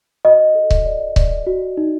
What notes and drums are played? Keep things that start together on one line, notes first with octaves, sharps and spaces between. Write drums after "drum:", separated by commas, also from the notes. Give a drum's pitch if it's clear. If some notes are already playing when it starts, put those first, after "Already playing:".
F#4 D#5
A4
drum: kick C#1
D5
D5, drum: kick C#1
F#4
D#4